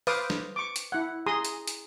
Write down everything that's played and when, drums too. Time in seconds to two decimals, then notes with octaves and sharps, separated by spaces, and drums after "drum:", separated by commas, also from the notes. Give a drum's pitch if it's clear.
0.07 B4 C5 F5 D6 D#6, drum: open hi-hat
0.30 drum: snare
0.56 C#6 D6
0.76 drum: hi-hat
0.92 E4 F#5
1.26 G#4 A#5 C6 D#6
1.45 drum: hi-hat
1.67 drum: hi-hat